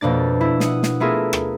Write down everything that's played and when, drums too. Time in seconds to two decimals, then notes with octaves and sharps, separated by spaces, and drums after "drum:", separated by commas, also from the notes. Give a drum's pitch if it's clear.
0.01 F2 B2 A#3 D4 A6
0.41 E4
0.60 F#5 D#6, drum: snare
0.83 drum: snare
1.00 A3 B3 E4 F4 G#4 A#4
1.33 drum: rim click